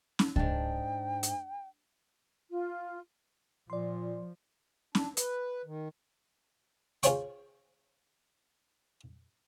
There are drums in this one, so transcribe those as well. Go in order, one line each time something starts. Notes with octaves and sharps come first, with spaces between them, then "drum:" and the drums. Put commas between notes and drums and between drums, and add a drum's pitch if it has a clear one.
drum: snare
G#2 D4 G5, drum: kick C#2
drum: hi-hat
F4
A#2 F3 D5 C6
D4, drum: snare
B4, drum: hi-hat
D#3
F4 G#4 C5 C#5 G5 C#6, drum: hi-hat